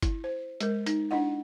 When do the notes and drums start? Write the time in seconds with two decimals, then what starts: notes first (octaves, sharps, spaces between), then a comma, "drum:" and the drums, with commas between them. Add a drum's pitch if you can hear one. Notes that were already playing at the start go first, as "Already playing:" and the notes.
0.02 E4, drum: kick G1, hi-hat
0.24 C5
0.61 G#3 A#4, drum: hi-hat
0.86 D#4, drum: hi-hat
1.11 D4 E4 D#5 F#5